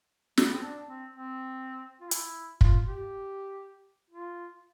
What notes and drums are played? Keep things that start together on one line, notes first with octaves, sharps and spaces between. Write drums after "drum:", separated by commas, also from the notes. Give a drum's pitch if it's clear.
A3, drum: snare
B3
C4
D4
C4
C4
F4
E4, drum: hi-hat
F4, drum: kick
G4
F4